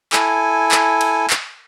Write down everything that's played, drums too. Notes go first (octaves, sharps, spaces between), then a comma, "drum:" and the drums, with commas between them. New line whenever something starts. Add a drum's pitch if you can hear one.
E4 A4 G#5, drum: clap
drum: clap
drum: cymbal
drum: clap